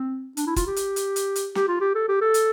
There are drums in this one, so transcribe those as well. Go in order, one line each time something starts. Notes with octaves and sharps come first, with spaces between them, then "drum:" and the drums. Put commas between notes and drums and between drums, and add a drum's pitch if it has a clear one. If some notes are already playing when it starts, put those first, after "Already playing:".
Already playing: C4
D4, drum: hi-hat
E4
F4, drum: kick, hi-hat
G4
drum: hi-hat
drum: hi-hat
drum: hi-hat
drum: hi-hat
G4, drum: snare
F4
G4
A4
G4
A4
drum: hi-hat